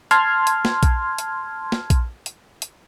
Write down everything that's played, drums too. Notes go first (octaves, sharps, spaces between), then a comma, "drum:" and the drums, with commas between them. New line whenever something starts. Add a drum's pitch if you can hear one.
A5 C6 F6 G#6, drum: hi-hat
drum: hi-hat
drum: snare
drum: kick A#1, hi-hat
drum: hi-hat
drum: snare
drum: kick A#1, hi-hat
drum: hi-hat
drum: hi-hat